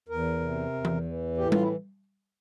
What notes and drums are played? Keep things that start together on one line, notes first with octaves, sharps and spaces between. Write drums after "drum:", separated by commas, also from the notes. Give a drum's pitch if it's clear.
E2 A#4
C3
E2
drum: tom E3
E3
A2 G4
F4, drum: tom G3
E4